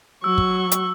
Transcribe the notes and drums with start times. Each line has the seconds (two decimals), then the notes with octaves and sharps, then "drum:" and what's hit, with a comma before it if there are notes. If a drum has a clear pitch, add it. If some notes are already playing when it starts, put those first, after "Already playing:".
0.24 F#3 C#6 E6
0.38 drum: kick
0.71 drum: hi-hat